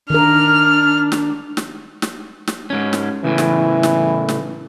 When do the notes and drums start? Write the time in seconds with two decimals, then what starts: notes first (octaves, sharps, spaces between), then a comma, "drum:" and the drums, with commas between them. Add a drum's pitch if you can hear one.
0.10 D#3 D4 A#4 F6
1.12 drum: snare
1.57 drum: snare
2.02 drum: snare
2.47 drum: snare
2.70 G#2 C#4
2.93 drum: snare
3.24 A2 C#3 E3
3.38 drum: snare
3.83 drum: snare
4.29 drum: snare